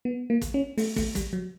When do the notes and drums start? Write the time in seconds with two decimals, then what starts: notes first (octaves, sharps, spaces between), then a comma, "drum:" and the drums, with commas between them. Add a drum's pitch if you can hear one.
0.05 B3
0.30 A#3
0.41 drum: kick, hi-hat
0.54 C#4
0.78 A3, drum: open hi-hat
0.96 A3, drum: kick, open hi-hat
1.15 G3, drum: kick, hi-hat
1.33 F#3